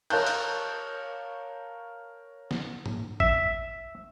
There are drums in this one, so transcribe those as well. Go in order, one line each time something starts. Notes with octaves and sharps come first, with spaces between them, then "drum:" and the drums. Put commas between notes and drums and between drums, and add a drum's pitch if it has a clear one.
A#4 C#5 F5 A5 F#6 G6, drum: cymbal
drum: hi-hat
drum: snare
drum: tom G#2
E5, drum: kick